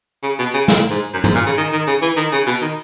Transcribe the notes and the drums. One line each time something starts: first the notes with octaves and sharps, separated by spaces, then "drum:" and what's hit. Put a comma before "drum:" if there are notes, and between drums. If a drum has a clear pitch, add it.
C#3
B2
C#3
A#2, drum: snare
G#2
F#2
G#2, drum: tom
A#2
C#3
D#3
D#3
C#3
E3
D#3
C#3
B2
D#3